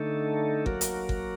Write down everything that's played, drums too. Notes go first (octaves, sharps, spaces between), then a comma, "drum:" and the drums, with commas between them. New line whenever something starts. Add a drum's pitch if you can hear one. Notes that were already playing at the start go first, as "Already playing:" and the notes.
Already playing: D3 A3 D#4 A4
F#3 A#3 F#4 A#4, drum: kick G1
drum: hi-hat
drum: kick G1